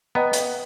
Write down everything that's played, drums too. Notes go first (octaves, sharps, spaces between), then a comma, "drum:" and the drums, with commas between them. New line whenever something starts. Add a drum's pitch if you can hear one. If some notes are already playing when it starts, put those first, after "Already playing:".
B3 B4 D#5 G5 A#5 D#6
drum: hi-hat